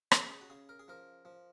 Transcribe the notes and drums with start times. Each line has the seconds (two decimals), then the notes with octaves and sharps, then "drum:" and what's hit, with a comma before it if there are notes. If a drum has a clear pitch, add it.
0.11 C#3 G#4, drum: rim click
0.31 G#4
0.41 F#4
0.50 C#3 G#4
0.69 A#4
0.79 G#4
0.88 F3 A#4
1.25 F3